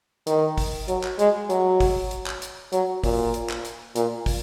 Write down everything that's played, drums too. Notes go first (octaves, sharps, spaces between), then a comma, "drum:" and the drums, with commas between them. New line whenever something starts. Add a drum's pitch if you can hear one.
D#3, drum: hi-hat
drum: kick, open hi-hat
F#3, drum: hi-hat
drum: clap
G#3, drum: hi-hat
F#3, drum: hi-hat
drum: kick, open hi-hat
drum: hi-hat
drum: clap
drum: hi-hat
F#3, drum: hi-hat
A#2, drum: kick, open hi-hat
drum: hi-hat
drum: clap
drum: hi-hat
A#2, drum: hi-hat
drum: kick, open hi-hat